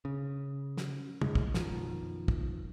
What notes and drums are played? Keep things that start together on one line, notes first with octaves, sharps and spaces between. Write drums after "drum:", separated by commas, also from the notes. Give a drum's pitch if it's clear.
C#3
drum: snare
F#2 C#3 G#3, drum: tom
drum: kick
F#2 B2 D#3 F3, drum: snare
drum: kick